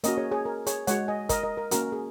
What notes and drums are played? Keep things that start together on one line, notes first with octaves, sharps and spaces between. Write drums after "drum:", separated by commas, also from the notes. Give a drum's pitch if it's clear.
A#3 C#4 F#4 A#4 D#5, drum: hi-hat
G#4 C#5
G#4 C#5
A#4
G#4 C#5, drum: hi-hat
G#3 F#4 C#5 F#5, drum: hi-hat
D#5 G#5
A#4 D#5, drum: kick, hi-hat
A#4 D#5
A#4
A#3 C#4 F#4 A#4, drum: hi-hat
G#4